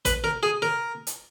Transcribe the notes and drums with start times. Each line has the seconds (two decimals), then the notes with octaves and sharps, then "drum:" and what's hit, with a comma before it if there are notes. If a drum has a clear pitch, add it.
0.05 B4, drum: kick, hi-hat
0.24 A#4
0.43 G#4
0.62 A#4
1.07 drum: hi-hat